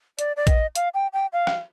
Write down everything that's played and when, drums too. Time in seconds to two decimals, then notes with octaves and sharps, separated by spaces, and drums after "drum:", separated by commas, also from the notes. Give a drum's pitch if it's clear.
0.19 D5, drum: hi-hat
0.37 D5
0.47 D#5, drum: kick, hi-hat
0.75 F5, drum: hi-hat
0.94 G5
1.13 G5
1.33 F5
1.47 drum: rim click